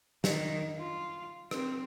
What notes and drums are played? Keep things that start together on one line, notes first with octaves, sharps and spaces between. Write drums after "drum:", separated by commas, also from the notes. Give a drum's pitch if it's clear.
D#3, drum: snare
F4
C4, drum: rim click